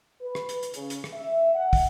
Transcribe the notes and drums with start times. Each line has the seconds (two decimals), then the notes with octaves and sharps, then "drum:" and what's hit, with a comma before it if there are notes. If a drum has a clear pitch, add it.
0.21 B4
0.35 drum: rim click
0.49 drum: hi-hat
0.63 drum: hi-hat
0.74 C#3, drum: hi-hat
0.90 drum: hi-hat
1.04 drum: rim click
1.14 E5
1.54 F#5
1.73 drum: kick, open hi-hat